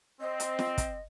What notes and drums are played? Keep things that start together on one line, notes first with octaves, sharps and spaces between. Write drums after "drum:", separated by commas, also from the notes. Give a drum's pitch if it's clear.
C4 D#5
drum: hi-hat
drum: snare
drum: kick, hi-hat